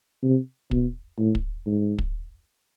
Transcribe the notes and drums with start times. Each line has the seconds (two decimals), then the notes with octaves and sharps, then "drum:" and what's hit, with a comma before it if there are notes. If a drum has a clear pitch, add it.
0.23 C3
0.71 B2, drum: kick
1.19 A2
1.35 drum: kick
1.66 G#2
1.98 drum: kick